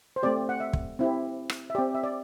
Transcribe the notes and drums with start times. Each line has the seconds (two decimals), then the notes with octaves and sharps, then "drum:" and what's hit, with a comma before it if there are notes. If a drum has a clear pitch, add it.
0.16 C5
0.23 A3 C4 G4 D5
0.49 F#5
0.60 E5
0.73 drum: kick
0.99 C4 E4 G4
1.50 drum: rim click
1.70 E5
1.75 C4 G4 D5
1.95 E5
2.04 D5